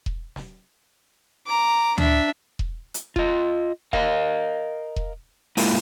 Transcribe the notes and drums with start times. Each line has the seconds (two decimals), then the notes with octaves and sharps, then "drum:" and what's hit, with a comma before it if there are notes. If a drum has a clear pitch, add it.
0.06 drum: kick E1
0.36 drum: snare
1.47 A#5 D6
1.98 D4 E5, drum: tom D2
2.59 drum: kick E1
2.94 drum: hi-hat
3.16 F4 D#5, drum: kick E1
3.93 A#4 D#5 F5, drum: kick E1
4.96 drum: kick E1
5.57 G#3 A#3 E4 F4 A#4, drum: open hi-hat